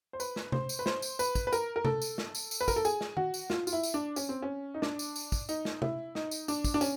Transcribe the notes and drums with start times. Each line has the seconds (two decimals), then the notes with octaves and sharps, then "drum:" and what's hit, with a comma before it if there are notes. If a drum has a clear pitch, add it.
0.13 C5
0.20 B4, drum: tambourine
0.36 drum: snare
0.52 C5, drum: tom C3
0.69 drum: tambourine
0.79 B4
0.86 C5, drum: snare
1.02 drum: tambourine
1.19 B4, drum: tambourine
1.35 drum: kick, tambourine
1.47 B4
1.53 A#4, drum: tambourine
1.76 A#4
1.85 A4, drum: tom C3
2.02 drum: tambourine
2.18 drum: snare
2.35 drum: tambourine
2.51 drum: tambourine
2.61 B4
2.68 A#4, drum: kick, tambourine
2.76 A4
2.85 G#4, drum: tambourine
3.01 drum: snare
3.17 F#4, drum: tom D#3
3.34 drum: tambourine
3.50 F4, drum: snare
3.67 F4, drum: tambourine
3.73 E4
3.83 drum: tambourine
3.94 D4
4.16 C#4, drum: tambourine
4.29 C4
4.42 C#4
4.74 D#4
4.82 D4, drum: snare
4.99 drum: tambourine
5.16 drum: tambourine
5.32 drum: kick, tambourine
5.49 D#4, drum: tambourine
5.65 drum: snare
5.82 E4, drum: tom C3
6.15 D#4, drum: snare
6.31 drum: tambourine
6.48 D4, drum: tambourine
6.64 drum: kick, tambourine
6.74 D4
6.81 C#4, drum: tambourine